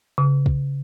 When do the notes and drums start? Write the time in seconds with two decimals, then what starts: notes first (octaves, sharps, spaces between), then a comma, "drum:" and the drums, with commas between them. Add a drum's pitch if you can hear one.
0.18 C#3
0.46 drum: kick